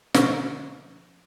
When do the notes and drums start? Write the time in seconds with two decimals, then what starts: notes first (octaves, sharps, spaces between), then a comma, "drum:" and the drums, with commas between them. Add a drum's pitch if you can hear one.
0.14 B2 D3 F3 C5 C#6, drum: snare